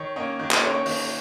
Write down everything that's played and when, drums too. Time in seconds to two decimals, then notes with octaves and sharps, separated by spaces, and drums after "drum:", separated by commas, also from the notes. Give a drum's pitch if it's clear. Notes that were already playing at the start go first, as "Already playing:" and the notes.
Already playing: D#3 C#5
0.16 A#3 C#4 D#5
0.39 D#3
0.51 D#5, drum: clap
0.62 A#3 C#4 C#5
0.74 C#5
0.86 D#3, drum: open hi-hat